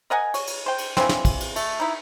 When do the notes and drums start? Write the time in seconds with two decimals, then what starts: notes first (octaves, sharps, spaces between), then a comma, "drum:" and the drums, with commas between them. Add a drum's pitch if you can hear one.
0.10 A#4 D#5 F#5 G#5
0.34 C#5, drum: cymbal
0.47 drum: cymbal
0.66 C5 G5
0.78 drum: cymbal
0.97 C#3 E3 G3 C4, drum: snare
1.09 drum: snare
1.25 drum: kick, cymbal
1.40 drum: cymbal
1.56 A3, drum: cymbal
1.80 D#4 E4